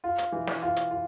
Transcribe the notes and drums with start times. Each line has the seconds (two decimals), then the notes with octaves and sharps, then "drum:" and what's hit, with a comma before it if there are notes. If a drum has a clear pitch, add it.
0.04 F4
0.18 drum: hi-hat
0.32 E3
0.47 drum: snare
0.63 F4
0.76 drum: hi-hat
0.91 F4